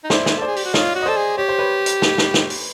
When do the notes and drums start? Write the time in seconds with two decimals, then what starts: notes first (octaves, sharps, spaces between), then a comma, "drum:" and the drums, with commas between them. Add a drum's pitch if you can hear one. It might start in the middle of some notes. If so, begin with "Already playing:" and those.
0.04 D#4
0.10 E4 C5 D5, drum: snare
0.26 drum: snare
0.38 A4 C5 D5
0.47 G#4
0.56 G4, drum: open hi-hat
0.65 F#4
0.74 F4 C#5 D#5, drum: snare
0.96 F#4
1.02 D#5
1.06 A4 C5 D5
1.17 G#4
1.38 G4 C#5
1.49 C5
1.59 B4 C#5
1.86 drum: hi-hat
2.02 drum: snare
2.18 drum: snare
2.34 drum: snare
2.50 drum: open hi-hat